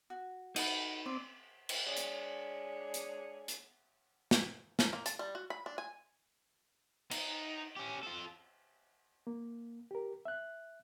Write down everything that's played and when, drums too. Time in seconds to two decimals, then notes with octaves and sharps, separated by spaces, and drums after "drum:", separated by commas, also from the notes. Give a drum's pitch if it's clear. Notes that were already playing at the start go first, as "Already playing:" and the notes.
0.10 F#4
0.56 D#4 F#4 G#4 A4 B4 D#7, drum: cymbal
1.06 C4 D5 D6
1.69 drum: cymbal
1.86 G#3 D4 G#4 C#5
1.97 drum: hi-hat
2.94 drum: hi-hat
3.48 drum: hi-hat
4.31 drum: snare
4.79 A#4, drum: snare
4.93 A#3
5.06 A5, drum: hi-hat
5.19 G3
5.35 F#4
5.50 B5
5.66 D4
5.78 G#5
7.11 D#4, drum: cymbal
7.77 C#4 G4
8.03 F4 A4
9.27 A#3
9.91 G4 A#4
10.25 E5 F#6